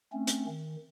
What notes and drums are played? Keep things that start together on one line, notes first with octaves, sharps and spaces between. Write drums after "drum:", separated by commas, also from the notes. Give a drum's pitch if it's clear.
A3 C4 C#4
drum: hi-hat
D#3